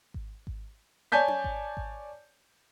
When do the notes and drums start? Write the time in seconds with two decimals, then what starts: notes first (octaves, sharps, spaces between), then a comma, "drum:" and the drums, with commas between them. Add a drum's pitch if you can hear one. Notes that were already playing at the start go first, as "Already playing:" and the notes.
0.14 drum: kick G#1
0.47 drum: kick G#1
1.12 C#5 D5 G#5 A5 G6 B6
1.28 drum: tom C#4
1.44 drum: kick G#1
1.77 drum: kick G#1